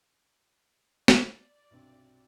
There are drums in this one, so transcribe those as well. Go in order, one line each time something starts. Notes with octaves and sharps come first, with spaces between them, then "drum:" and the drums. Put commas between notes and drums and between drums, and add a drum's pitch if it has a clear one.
D5, drum: snare
B1 G2 C3